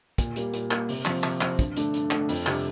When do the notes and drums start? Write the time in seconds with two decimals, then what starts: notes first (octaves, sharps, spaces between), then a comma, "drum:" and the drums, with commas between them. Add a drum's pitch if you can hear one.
0.18 A#2, drum: kick, hi-hat
0.36 G3 A#3, drum: hi-hat
0.54 A#2, drum: hi-hat
0.71 G3 A#3, drum: clap
0.89 C3, drum: open hi-hat
1.05 F3 C4, drum: clap
1.24 C3, drum: clap
1.41 F3 C4, drum: clap
1.59 G2, drum: kick, hi-hat
1.76 D3 A3 D4, drum: hi-hat
1.94 G2, drum: hi-hat
2.11 D3 A3 D4, drum: clap
2.29 F2, drum: open hi-hat
2.47 C3 G3 D4, drum: clap